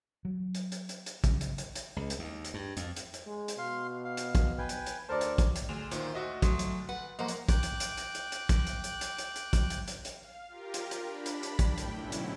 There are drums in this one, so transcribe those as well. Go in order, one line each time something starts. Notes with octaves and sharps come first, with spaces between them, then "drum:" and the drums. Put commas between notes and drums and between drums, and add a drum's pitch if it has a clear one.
F#3
drum: hi-hat
drum: hi-hat
drum: hi-hat
drum: hi-hat
C#3, drum: kick, hi-hat
drum: hi-hat
drum: hi-hat
drum: hi-hat
C#2
drum: hi-hat
D#2
drum: hi-hat
G2
F2, drum: hi-hat
drum: hi-hat
drum: hi-hat
G#3
drum: hi-hat
B2 F5 C6
F5
drum: hi-hat
drum: kick, hi-hat
B4 G5 G#5
drum: hi-hat
drum: hi-hat
D2 A4 A#4 C5 D5 A5
drum: hi-hat
drum: kick, hi-hat
drum: hi-hat
D2 G#4 E7 F7
A#2 D#3 C5, drum: hi-hat
F#4 D#5 E5
F#3 A3 C6 D#6, drum: kick, hi-hat
drum: hi-hat
B4 F#5
F3 F#3 A#3 C5 D#5 F#5 A#5
drum: hi-hat
G5 D6 F#6, drum: kick, hi-hat
drum: hi-hat
drum: hi-hat
drum: hi-hat
drum: hi-hat
drum: hi-hat
drum: kick, hi-hat
drum: hi-hat
drum: hi-hat
drum: hi-hat
drum: hi-hat
drum: hi-hat
drum: kick, hi-hat
drum: hi-hat
drum: hi-hat
drum: hi-hat
F5
F4 G4 A#4
drum: hi-hat
drum: hi-hat
D4 B5
drum: hi-hat
drum: hi-hat
A2 G5, drum: kick, hi-hat
drum: hi-hat
G#2 B2 D3 F#3 C#4 E4
drum: hi-hat